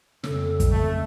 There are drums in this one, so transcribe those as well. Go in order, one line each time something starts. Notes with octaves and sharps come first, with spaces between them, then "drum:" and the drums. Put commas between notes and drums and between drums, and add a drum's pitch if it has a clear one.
F2 C#3 A4, drum: snare
drum: kick, hi-hat
A3